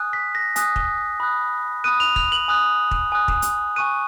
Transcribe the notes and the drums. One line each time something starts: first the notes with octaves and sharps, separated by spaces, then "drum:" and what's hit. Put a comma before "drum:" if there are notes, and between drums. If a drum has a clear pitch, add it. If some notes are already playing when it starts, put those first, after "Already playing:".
Already playing: G#5 D#6 F#6
B6
A#6
G#5 D#6 F#6, drum: hi-hat
drum: kick
B5 D#6 F#6
B5 D#6 F#6 D#7
F7
F7, drum: kick
F#7
G#5 D#6 F#6
drum: kick
G#5 D#6 F#6
drum: kick
drum: hi-hat
G#5 C#6 F#6 D#7